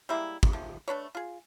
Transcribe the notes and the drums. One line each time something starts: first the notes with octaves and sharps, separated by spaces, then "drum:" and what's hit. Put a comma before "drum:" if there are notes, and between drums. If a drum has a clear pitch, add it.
G3 G#3 A#3 E4
drum: kick
C3 F3
A3 D4 B4 C#5
F4 G#4